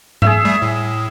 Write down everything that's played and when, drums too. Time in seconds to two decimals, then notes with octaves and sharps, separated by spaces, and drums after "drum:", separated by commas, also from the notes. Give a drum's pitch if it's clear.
0.22 G#4 E5, drum: tom G#2
0.45 G3 A3
0.62 A2